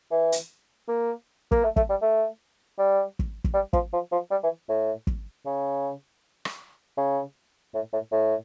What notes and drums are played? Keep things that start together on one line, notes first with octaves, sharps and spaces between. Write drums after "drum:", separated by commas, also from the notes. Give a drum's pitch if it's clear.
E3
drum: hi-hat
A#3
A#3, drum: kick
A3
A3, drum: kick
G3
A3
G3
drum: kick
drum: kick
G3
F3, drum: kick
F3
F3
G3
E3
A2
drum: kick
C#3
drum: rim click
C#3
A2
A2
A2